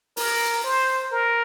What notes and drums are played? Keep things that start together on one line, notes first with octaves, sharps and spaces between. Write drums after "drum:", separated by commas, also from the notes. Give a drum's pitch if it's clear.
A#4, drum: open hi-hat
C5
A#4